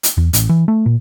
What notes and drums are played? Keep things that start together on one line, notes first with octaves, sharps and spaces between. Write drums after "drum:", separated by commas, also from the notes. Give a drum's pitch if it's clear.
drum: hi-hat
E2
A1, drum: hi-hat
E3
A3
A#2